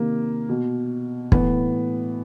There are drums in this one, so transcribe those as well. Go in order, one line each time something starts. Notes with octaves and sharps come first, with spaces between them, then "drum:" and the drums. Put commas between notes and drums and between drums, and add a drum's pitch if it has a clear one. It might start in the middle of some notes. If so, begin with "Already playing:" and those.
Already playing: C3 D#3 A#3
B2
A2 E3 B3, drum: kick